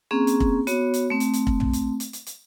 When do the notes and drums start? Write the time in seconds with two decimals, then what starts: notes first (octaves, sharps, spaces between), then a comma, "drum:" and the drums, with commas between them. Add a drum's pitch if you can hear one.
0.11 A#3 C4 C#4 G#4
0.27 drum: hi-hat
0.40 drum: kick
0.67 B3 F#4 C#5, drum: hi-hat
0.94 drum: hi-hat
1.10 A3 C4
1.20 drum: hi-hat
1.33 drum: hi-hat
1.47 drum: kick
1.60 drum: tom
1.73 drum: hi-hat
2.00 drum: hi-hat
2.13 drum: hi-hat
2.26 drum: hi-hat